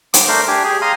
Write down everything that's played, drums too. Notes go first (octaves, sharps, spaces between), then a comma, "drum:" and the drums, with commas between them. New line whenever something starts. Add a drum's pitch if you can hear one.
D6, drum: hi-hat
A3 D4 A#4 C5 C6
D4 G4 G#5
G4 G#4
F5 A#5 C6 D#6 F6